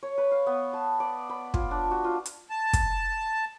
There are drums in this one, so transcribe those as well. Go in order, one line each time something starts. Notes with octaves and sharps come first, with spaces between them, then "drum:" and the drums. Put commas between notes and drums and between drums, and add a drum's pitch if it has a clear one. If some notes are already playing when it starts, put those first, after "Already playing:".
C#5
B4
F5
B3
A5
D5
B5
F4, drum: kick
D4
F#4
F4
drum: hi-hat
A5
drum: kick, hi-hat